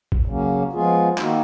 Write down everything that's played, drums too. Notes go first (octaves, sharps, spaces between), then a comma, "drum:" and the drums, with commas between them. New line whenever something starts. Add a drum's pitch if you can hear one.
drum: kick A1
C#3 F#3 A#3 C#4
F3 G#3 B3 F4 G#4
D#3 A#3 D#4 F#4, drum: clap